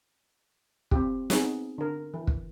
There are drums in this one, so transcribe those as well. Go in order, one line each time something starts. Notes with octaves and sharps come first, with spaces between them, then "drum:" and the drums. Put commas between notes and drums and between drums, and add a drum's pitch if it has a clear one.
C4 F4 G4, drum: kick
B3 C4 D#4 G#4, drum: snare
D3 A#4
E3
drum: kick